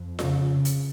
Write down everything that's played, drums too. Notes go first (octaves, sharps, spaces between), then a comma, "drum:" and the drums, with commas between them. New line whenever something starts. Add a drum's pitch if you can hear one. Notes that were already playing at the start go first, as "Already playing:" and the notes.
Already playing: F2
C#3, drum: snare F4
drum: hi-hat